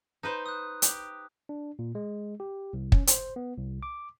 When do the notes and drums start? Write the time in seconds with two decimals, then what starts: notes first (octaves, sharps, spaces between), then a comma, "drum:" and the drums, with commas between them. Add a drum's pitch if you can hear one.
0.23 D#4 B4 C5
0.46 D#6 F#6
0.82 G4, drum: hi-hat
1.49 D4
1.79 A#2
1.95 G#3
2.40 G4
2.73 C2
2.92 C#4, drum: kick
3.07 C5, drum: hi-hat
3.36 B3
3.57 C2
3.83 D6